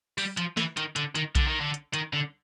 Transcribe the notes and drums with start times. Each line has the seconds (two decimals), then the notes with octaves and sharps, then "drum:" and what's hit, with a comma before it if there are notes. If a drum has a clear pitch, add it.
0.18 G3, drum: open hi-hat
0.37 F3, drum: hi-hat
0.57 E3, drum: snare
0.77 D#3, drum: hi-hat
0.96 D3, drum: hi-hat
1.15 D#3, drum: hi-hat
1.35 D3, drum: kick A#1, hi-hat
1.47 D#3
1.60 D3
1.74 drum: hi-hat
1.94 D#3, drum: hi-hat
2.13 D3